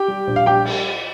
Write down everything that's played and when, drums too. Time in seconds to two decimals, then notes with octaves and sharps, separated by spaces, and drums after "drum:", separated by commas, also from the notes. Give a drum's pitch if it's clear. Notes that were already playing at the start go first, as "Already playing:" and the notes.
Already playing: G4 G5
0.08 G3
0.27 A#1
0.36 F5
0.46 G3 G4 G5
0.65 drum: cymbal